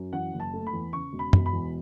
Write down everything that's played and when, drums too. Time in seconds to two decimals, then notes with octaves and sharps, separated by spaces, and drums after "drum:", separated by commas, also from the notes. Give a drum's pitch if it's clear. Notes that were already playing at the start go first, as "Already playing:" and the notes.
Already playing: F#2
0.13 E3 F#5
0.33 F#1
0.40 A5
0.54 A3
0.67 B5
0.73 E2
0.93 C#3 C#6
1.13 E1
1.19 B5
1.33 E1, drum: tom F#2
1.46 B5
1.53 E2